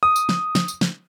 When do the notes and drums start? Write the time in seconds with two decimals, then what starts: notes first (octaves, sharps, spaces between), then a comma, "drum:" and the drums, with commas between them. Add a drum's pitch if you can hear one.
0.03 D#6
0.16 drum: tambourine
0.29 drum: snare
0.55 drum: snare
0.68 drum: tambourine
0.81 drum: snare